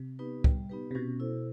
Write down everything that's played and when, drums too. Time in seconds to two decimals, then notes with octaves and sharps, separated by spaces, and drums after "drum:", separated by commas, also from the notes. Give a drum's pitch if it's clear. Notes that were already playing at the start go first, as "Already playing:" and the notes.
Already playing: C3
0.19 B3 D#4 G4 B4
0.44 G3, drum: kick
0.69 B3 D#4 G4 B4
0.91 C3
0.95 B2 C#4
1.20 E4 A4 C5